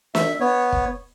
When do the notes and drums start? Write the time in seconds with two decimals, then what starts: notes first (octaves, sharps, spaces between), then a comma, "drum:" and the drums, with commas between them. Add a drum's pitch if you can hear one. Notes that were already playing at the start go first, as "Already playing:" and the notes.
0.15 E5, drum: snare
0.40 B3 C#5
0.72 drum: kick